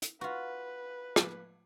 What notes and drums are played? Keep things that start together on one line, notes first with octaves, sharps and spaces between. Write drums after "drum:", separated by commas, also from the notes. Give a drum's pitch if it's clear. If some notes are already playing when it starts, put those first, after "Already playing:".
drum: hi-hat
F4 F#4 B4
drum: rim click